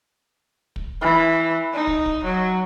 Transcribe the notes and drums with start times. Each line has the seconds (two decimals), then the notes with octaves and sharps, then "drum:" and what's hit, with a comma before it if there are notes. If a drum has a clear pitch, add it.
0.76 drum: kick
1.01 E3
1.74 D#4
1.87 drum: kick
2.06 drum: kick
2.24 F#3